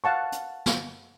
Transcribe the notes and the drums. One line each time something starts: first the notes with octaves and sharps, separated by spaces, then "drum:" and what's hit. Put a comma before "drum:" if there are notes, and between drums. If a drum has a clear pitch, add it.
F5 F#5 A5 C#6
drum: hi-hat
drum: snare